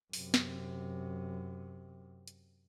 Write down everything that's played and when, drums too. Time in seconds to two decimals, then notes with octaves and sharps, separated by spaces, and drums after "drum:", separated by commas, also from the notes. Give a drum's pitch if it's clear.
0.13 F#2 C3, drum: open hi-hat
0.34 drum: snare
2.27 drum: hi-hat